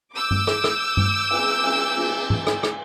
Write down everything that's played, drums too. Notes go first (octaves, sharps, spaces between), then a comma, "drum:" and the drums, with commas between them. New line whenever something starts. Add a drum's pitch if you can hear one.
D6 E6 G6
drum: tom G2
drum: rim click
drum: rim click
drum: tom G2
drum: cymbal
drum: cymbal
drum: cymbal
drum: tom G#2
drum: rim click
drum: rim click